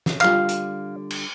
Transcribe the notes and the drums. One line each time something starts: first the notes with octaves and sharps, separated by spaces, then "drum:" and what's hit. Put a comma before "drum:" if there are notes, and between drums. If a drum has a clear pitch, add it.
drum: snare
D3 G3 F4 F5, drum: clap
drum: hi-hat
drum: cymbal